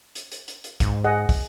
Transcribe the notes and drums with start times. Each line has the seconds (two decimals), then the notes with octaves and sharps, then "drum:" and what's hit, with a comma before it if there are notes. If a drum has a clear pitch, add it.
0.15 drum: hi-hat
0.32 drum: hi-hat
0.48 drum: hi-hat
0.64 drum: hi-hat
0.80 G#2, drum: kick, hi-hat
1.04 G#4 D#5 F#5
1.29 drum: kick, open hi-hat